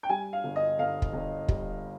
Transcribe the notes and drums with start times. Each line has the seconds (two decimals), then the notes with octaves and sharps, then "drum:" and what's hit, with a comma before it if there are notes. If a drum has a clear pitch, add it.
0.03 G5
0.09 G3 G#5
0.33 F5
0.44 G1
0.56 D#5
0.79 G1 F5
1.02 drum: kick
1.13 G1
1.49 G3, drum: kick